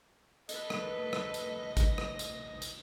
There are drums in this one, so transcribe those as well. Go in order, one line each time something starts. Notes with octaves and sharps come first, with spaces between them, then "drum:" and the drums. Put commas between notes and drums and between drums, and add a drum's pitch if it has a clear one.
A4 B4 D#5, drum: hi-hat
drum: rim click
drum: rim click
drum: hi-hat
drum: kick G#1, hi-hat
drum: rim click
drum: hi-hat
drum: hi-hat